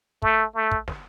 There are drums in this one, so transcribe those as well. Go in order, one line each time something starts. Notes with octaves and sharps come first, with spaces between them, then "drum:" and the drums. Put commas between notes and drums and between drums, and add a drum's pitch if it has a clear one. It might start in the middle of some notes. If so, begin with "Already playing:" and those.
A3, drum: kick
A3
drum: kick
drum: snare